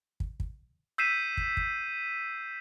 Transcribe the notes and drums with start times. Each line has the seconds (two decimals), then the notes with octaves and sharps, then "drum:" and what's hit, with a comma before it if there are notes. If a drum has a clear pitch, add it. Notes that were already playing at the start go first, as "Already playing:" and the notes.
0.20 drum: kick
0.40 drum: kick
0.98 E6 G6 B6 C7 D#7 E7
1.37 drum: kick
1.57 drum: kick